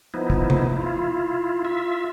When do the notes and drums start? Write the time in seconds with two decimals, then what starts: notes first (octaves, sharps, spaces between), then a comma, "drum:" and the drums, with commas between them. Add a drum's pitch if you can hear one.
0.14 F3 B3 D#4 E4
0.30 drum: kick
0.50 drum: tom C3
0.77 E4 F4
1.65 F4 E5